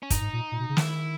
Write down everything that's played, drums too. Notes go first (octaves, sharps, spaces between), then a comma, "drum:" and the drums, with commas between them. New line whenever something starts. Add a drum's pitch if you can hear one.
C#4
G2 D#4, drum: kick, hi-hat
G#2
A#2
A#2
B2
C#3
D#3 E4, drum: snare